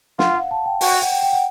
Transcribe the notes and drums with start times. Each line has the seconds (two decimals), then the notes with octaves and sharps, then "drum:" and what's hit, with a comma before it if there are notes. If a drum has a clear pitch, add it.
0.19 F4 F#5, drum: snare
0.34 F5
0.51 A5
0.66 G5
0.81 F#4 G5, drum: open hi-hat
0.92 F#5
1.02 F#5
1.12 G5
1.22 G5
1.33 F#5